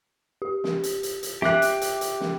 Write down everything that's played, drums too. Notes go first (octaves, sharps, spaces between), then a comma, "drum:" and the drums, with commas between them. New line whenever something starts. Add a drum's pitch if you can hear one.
G4
drum: snare
drum: hi-hat
drum: hi-hat
drum: hi-hat
G4 E5 D6 F#6, drum: snare
drum: hi-hat
drum: hi-hat
drum: hi-hat
drum: snare